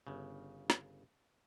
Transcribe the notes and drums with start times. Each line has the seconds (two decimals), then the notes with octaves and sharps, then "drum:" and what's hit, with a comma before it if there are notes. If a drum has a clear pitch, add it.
0.07 G1 C#3
0.70 drum: snare